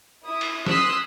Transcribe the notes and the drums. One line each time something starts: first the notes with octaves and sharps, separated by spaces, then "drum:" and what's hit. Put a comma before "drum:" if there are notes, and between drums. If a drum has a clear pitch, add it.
E4 D#6
drum: cymbal
C6 D#6 E6 F#6 B6 C7, drum: snare